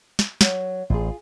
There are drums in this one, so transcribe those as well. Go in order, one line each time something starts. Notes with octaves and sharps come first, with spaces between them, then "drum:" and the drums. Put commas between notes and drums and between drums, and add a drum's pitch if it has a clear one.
drum: snare
F#3 C#5, drum: snare
A1 F4 G#4